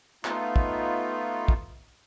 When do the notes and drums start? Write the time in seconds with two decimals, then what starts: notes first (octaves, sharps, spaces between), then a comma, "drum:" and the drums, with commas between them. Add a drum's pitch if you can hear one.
0.25 A3 B3 D#4 F4, drum: clap
0.56 drum: kick
1.48 drum: kick